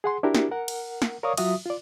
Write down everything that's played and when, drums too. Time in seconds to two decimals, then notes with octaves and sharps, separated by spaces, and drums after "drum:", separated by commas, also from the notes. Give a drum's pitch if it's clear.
0.04 G#4 F#5 C6
0.23 D4 E4 F#4 G4 A#4
0.35 drum: snare
0.51 A#4 F#5
0.68 drum: cymbal
1.02 drum: snare
1.23 A#4 C#5 D5 F5 C#6 D#6
1.37 F#3 F4 F#4 E5 D#6, drum: cymbal
1.66 F4 D5